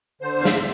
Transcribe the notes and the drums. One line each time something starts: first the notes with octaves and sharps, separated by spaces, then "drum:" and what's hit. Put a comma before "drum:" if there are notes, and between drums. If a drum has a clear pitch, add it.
D3 C5
E2 F5
E5, drum: snare
D3